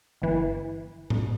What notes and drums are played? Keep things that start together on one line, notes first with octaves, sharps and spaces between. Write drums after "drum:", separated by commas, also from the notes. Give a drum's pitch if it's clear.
G1 E3
drum: tom A2